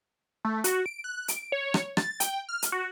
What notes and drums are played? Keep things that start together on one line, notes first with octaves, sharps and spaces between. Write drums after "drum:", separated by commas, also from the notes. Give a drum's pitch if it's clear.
A3
F#4, drum: hi-hat
D7
F#6
D7, drum: hi-hat
C#5
drum: rim click
A6, drum: rim click
G5, drum: hi-hat
F6
drum: hi-hat
F#4